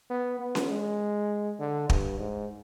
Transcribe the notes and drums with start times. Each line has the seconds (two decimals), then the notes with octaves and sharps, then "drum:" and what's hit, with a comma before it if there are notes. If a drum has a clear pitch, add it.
0.10 B3
0.40 B3
0.55 drum: snare C#4
0.69 G#3
1.59 D3
1.90 G2, drum: kick
2.20 G#2